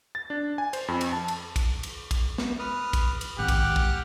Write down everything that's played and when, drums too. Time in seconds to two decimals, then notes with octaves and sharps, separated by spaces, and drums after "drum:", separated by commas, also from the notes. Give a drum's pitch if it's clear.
0.15 A6
0.30 D4
0.58 G#5
0.73 C5, drum: cymbal
0.88 F2
1.01 drum: cymbal
1.13 A5
1.28 drum: cymbal
1.56 drum: kick, cymbal
1.83 drum: cymbal
2.11 drum: kick, cymbal
2.38 drum: snare
2.59 B4 D#6 F6
2.93 drum: kick, cymbal
3.21 drum: cymbal
3.39 G#1 G4 F#5 F6 F#6
3.48 drum: kick, cymbal
3.76 drum: kick